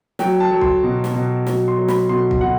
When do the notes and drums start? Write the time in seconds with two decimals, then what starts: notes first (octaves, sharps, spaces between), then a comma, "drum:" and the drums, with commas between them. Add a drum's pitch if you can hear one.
0.19 F#3 G5, drum: snare
0.40 A5
0.51 F#3
0.61 C6, drum: kick
0.83 B2
1.04 drum: snare
1.14 B2
1.47 F#3, drum: snare
1.68 C6
1.78 F#3
1.88 B5, drum: snare
2.09 B2 C6
2.31 drum: kick
2.41 B2 F#5